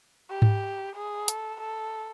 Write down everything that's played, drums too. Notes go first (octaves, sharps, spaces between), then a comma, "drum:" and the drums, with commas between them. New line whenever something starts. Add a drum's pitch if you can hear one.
G4
drum: tom G#2
G#4
A4, drum: hi-hat
A4